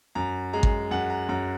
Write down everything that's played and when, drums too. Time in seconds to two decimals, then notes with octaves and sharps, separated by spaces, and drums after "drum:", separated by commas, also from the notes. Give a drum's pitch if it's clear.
0.15 F#2 A#5
0.53 G#3 A#5
0.63 drum: kick G#1
0.91 F#2 F#5
1.10 A#5
1.29 F#2 A#5